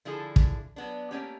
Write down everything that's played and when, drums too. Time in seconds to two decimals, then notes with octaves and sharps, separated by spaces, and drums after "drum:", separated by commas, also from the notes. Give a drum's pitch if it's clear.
0.05 D3 F3 E4 G#4 A4
0.36 drum: kick
0.76 F#3 B3 D4
1.11 A3 A#3 C#4 G4